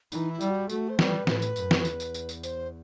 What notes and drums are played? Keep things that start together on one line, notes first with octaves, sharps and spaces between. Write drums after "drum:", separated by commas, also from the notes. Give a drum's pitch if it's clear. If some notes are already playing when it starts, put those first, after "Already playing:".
E3 D#4, drum: tambourine
E4
G3, drum: tambourine
F#4
A3 F#4, drum: tambourine
C5
G3, drum: snare
B4
A2, drum: snare
drum: tambourine
F#2, drum: tambourine
drum: snare
E2, drum: tambourine
drum: tambourine
drum: tambourine
drum: tambourine
C5, drum: tambourine